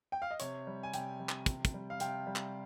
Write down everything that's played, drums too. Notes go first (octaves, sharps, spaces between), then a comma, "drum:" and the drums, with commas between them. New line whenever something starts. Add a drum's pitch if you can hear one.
G5
F5
D#5
C3 C#5, drum: hi-hat
G3
G#5
C3 G5, drum: hi-hat
G3
drum: clap
C3, drum: kick, hi-hat
drum: kick, hi-hat
G3
F5
C3 G5, drum: hi-hat
G3
drum: clap